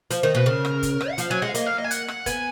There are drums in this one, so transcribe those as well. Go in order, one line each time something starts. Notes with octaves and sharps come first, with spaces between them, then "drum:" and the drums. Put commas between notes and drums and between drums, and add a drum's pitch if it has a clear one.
F3, drum: hi-hat
D#3
B2
B4
C#3 A#4
drum: rim click
drum: kick F#1, hi-hat
drum: rim click
F#5
F3 F5, drum: hi-hat
F#3 G#5
G#3 F#5
F5
A#3 D#5, drum: hi-hat
F5
D#5
G#5
F#5, drum: hi-hat
drum: rim click
B3 G#5, drum: kick F#1, hi-hat